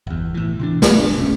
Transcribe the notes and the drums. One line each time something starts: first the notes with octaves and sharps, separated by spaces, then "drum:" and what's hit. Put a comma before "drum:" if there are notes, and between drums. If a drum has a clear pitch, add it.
G1 E2
A2 E3
C3 E3 D4
C2 B3, drum: snare
G1 C3 D4
D1 A3 C#4